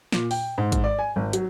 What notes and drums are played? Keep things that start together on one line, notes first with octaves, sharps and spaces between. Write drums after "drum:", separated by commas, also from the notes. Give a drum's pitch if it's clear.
A#2, drum: snare
G5, drum: open hi-hat
G#2
drum: kick, hi-hat
D5
G#5
G#1
F#3, drum: hi-hat